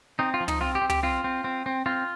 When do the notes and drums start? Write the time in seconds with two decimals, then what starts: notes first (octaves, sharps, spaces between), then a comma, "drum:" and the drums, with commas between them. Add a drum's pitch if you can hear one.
0.19 C4 D#4
0.34 F4
0.40 F3
0.48 D#4, drum: tom
0.61 C4 F4
0.75 G4
0.82 C4
0.90 G4, drum: tom
1.03 C4 F4
1.24 C4
1.44 C4
1.66 C4
1.86 C4 F4